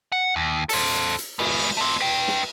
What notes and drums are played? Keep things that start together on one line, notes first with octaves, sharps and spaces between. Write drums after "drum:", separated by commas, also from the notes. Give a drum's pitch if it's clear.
F#5
D#2
A4 C5, drum: open hi-hat
drum: hi-hat
G#3 B3, drum: cymbal
A3 C4
B4 G5
drum: snare